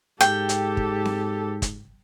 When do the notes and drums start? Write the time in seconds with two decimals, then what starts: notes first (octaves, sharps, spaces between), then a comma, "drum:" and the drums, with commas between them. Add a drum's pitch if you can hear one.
0.21 G#2 G4 A4 G5, drum: hi-hat
0.49 drum: hi-hat
0.77 drum: kick
1.05 drum: snare C4
1.62 drum: kick, hi-hat